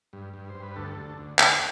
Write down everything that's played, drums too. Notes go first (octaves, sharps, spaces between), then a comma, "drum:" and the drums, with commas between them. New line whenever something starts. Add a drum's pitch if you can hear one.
G2
G2
G2 C5
B4
D2 A4
D2
D2
D2, drum: clap